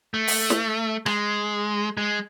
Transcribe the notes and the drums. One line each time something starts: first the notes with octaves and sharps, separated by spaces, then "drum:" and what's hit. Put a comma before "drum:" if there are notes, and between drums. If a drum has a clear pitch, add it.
A3
drum: open hi-hat
drum: snare
G#3, drum: rim click
G#3